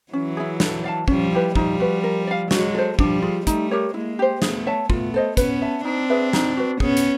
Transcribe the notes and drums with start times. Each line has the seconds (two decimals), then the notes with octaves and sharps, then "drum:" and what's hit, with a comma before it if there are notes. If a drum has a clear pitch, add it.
0.13 E3 F#3 C#4
0.37 E4 G#4
0.60 A4, drum: snare
0.84 D5 F5 A5
1.08 F3 G3 C#4, drum: kick
1.32 E4 G4 B4
1.55 F3 G3 D#4, drum: kick
1.80 F#4 B4
2.04 A#4
2.27 D5 F5
2.51 F#3 G#3 F#4, drum: snare
2.75 A4 C5
2.99 F3 G3 D4, drum: kick
3.22 F4 G#4
3.47 G3 A3 D#4, drum: kick, hi-hat
3.71 G4 A#4 C#5
3.94 G#3 A#3 E4
4.19 G4 C5
4.42 A3 B3 G#4, drum: snare
4.67 C#5 E5 A5
4.90 A3 B3 F4, drum: kick
5.14 A4 C5 D#5
5.37 B3 C#4 B4, drum: kick, hi-hat
5.62 E5 A5
5.85 C4 D4 D#4
6.10 G#4 B4 E5
6.33 D#4, drum: snare
6.57 F#4 B4
6.80 B3 C#4 G#4, drum: kick
6.97 drum: hi-hat